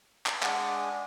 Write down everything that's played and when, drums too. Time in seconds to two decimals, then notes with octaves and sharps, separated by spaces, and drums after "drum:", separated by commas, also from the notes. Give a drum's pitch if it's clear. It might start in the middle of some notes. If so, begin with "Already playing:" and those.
0.26 drum: clap
0.42 G#3 D4 F#5 G#5 D#6, drum: clap